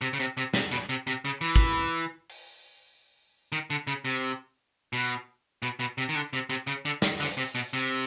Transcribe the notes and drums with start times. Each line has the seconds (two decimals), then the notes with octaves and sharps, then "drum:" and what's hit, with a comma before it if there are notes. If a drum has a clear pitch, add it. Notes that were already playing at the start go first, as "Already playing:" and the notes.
0.02 C3
0.13 C#3
0.20 C3
0.37 C3
0.54 C3, drum: snare
0.72 B2
0.89 C3
1.07 C3
1.25 C#3
1.41 E3
1.56 drum: kick
2.30 drum: open hi-hat
3.52 D#3
3.70 D3
3.87 C#3
4.05 C3
4.93 B2
5.63 B2
5.80 B2
5.98 C3
6.09 D#3
6.15 D3
6.33 C3
6.50 C3
6.67 C#3
6.85 D3
7.02 D#3, drum: snare
7.20 D3, drum: open hi-hat
7.37 C3
7.55 B2
7.73 C3